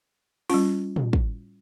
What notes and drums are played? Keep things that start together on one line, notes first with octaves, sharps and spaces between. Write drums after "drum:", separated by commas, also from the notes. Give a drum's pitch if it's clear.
G3 C#4 F4, drum: open hi-hat
drum: tom
drum: kick